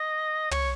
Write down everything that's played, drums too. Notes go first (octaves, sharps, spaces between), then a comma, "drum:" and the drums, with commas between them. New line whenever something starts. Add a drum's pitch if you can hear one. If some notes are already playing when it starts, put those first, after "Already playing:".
Already playing: D#5
C#5, drum: tom